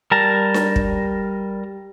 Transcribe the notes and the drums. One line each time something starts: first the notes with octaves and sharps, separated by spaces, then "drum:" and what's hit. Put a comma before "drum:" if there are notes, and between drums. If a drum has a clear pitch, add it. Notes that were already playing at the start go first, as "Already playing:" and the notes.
G3 A#4 A5 A#5
drum: snare D4
drum: kick